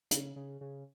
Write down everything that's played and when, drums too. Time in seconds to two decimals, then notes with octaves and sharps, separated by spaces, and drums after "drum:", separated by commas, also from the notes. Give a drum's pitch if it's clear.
0.11 C#3, drum: hi-hat
0.36 C#3
0.61 C#3